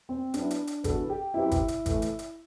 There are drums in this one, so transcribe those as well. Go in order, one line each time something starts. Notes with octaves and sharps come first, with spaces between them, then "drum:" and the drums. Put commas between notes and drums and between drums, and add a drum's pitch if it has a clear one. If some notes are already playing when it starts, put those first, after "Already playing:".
C4
F#3 B3 D4 E4, drum: hi-hat
drum: hi-hat
drum: hi-hat
E3 B3 D4 F#4 A4 B4, drum: kick, hi-hat
G4
F#2 F#3 C4 E4 G4 B4
drum: kick, hi-hat
drum: hi-hat
A2 E3 A3, drum: kick, hi-hat
drum: hi-hat
drum: hi-hat